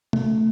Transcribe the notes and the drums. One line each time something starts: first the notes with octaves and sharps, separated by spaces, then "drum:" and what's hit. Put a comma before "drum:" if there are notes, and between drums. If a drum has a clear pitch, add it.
A3, drum: tom